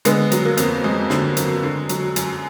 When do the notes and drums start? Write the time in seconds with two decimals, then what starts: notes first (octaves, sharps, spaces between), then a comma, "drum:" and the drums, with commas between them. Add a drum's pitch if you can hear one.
0.05 D3 G#3 B3, drum: hi-hat
0.31 F#3, drum: hi-hat
0.45 A#3
0.57 F2, drum: hi-hat
0.84 F2 G#3
1.10 D3, drum: snare
1.37 F#3, drum: hi-hat
1.63 D3
1.89 F#3, drum: hi-hat
2.16 F#2, drum: hi-hat